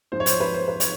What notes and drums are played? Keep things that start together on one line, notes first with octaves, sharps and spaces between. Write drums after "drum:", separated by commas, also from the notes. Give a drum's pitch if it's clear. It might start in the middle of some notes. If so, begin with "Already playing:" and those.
G#2 F3 G#3 C5
C#5
C5, drum: hi-hat
B4
C5
B4
C#5, drum: hi-hat